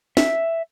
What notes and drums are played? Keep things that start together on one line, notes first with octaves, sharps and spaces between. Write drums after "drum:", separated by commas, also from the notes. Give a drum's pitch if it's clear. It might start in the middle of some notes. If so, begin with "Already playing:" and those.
E5, drum: snare